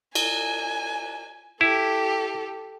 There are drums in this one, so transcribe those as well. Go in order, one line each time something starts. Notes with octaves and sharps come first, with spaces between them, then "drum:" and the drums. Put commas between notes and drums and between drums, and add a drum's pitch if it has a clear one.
G#5, drum: cymbal
E4 G4 A4